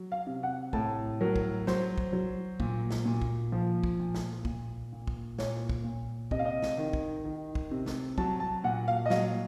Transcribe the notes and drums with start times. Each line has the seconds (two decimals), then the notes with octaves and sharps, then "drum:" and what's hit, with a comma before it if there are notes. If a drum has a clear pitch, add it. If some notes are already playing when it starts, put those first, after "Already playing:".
Already playing: F#3
0.12 F5
0.27 C3
0.43 F#5
0.73 A2 A5, drum: kick
1.20 F#3 A#4
1.36 drum: kick
1.67 F#3 C5, drum: snare
1.98 drum: kick
2.13 F#3
2.60 A#2, drum: kick
2.91 drum: snare
3.05 A#2
3.22 drum: kick
3.52 F3
3.84 drum: kick
4.00 A#2
4.15 drum: snare
4.45 A#2, drum: kick
4.93 A#2
5.07 drum: kick
5.39 A#2 C#5, drum: snare
5.69 drum: kick
5.84 A#2
6.31 C3 D#5, drum: kick
6.39 F5
6.45 D#5
6.62 drum: snare
6.77 D#3
6.93 drum: kick
7.25 D#3
7.55 drum: kick
7.71 C3
7.86 drum: snare
8.18 F#3 A5, drum: kick
8.40 A5
8.64 A#2 F#5
8.88 F5
9.06 D#5
9.10 F#3 F5, drum: snare